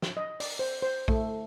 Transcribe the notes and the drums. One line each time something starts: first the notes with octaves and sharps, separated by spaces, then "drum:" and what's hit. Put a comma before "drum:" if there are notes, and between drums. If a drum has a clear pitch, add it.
drum: snare
D#5
D5, drum: open hi-hat
C5
C5
A3, drum: kick